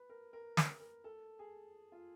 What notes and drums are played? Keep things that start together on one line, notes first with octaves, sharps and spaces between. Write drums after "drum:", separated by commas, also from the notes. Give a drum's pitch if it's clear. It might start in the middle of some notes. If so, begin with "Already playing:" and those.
Already playing: B4
A#4
A#4
A#4, drum: snare
A#4
A4
G#4
F4